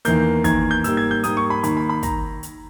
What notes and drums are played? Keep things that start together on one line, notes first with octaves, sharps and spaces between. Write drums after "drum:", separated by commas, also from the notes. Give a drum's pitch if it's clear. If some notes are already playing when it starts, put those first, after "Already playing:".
E2 D#3 A#3 G6, drum: hi-hat
E2 D#3 A#3 G#6, drum: kick, hi-hat
G6
G#2 G3 A#3 E6, drum: hi-hat
G#6
G6
G#2 G3 A#3 D#6, drum: hi-hat
C#6
B5
D#2 D#3 A#3 B5, drum: hi-hat
B5
B5
D#3 A#5, drum: kick, hi-hat
drum: hi-hat